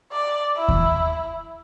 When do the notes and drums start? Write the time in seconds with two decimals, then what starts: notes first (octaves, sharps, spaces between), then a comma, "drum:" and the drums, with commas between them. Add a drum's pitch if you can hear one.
0.12 D5
0.57 E4
0.68 drum: kick D#2